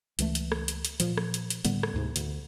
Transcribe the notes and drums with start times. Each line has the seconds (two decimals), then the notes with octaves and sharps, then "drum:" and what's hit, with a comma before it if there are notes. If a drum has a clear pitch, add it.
0.19 C#2 E3 A3, drum: hi-hat
0.35 drum: hi-hat
0.52 drum: rim click
0.68 drum: hi-hat
0.85 drum: hi-hat
1.00 A#2 F3, drum: hi-hat
1.17 drum: rim click
1.34 drum: hi-hat
1.50 drum: hi-hat
1.65 A2 D3 G3 B3, drum: hi-hat
1.83 drum: rim click
1.94 D2 G#2 C3
2.16 D2, drum: hi-hat